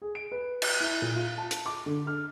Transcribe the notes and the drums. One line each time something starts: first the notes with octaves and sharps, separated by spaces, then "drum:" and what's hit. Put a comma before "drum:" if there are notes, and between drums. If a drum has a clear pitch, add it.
G#4
D7
B4
drum: cymbal
E4
A#2
F4
A5
drum: hi-hat
D6
D3
F6